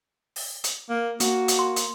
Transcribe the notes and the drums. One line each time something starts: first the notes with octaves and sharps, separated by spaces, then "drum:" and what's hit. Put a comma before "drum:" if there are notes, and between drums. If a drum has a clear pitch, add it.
drum: open hi-hat
drum: hi-hat
A#3
A#3 F#4, drum: hi-hat
drum: hi-hat
C6
drum: hi-hat